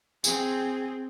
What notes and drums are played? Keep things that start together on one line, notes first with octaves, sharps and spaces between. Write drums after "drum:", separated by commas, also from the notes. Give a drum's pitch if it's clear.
C4 G#4, drum: tambourine